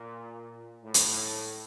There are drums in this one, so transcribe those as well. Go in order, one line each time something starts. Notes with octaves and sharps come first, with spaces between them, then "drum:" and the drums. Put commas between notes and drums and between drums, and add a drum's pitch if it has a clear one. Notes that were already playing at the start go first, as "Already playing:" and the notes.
Already playing: A#2
A2
drum: hi-hat